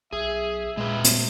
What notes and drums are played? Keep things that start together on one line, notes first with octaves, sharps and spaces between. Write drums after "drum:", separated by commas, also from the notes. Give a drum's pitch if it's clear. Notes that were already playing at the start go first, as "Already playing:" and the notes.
B1 G#4 E5
A#2 G#3 B4
drum: hi-hat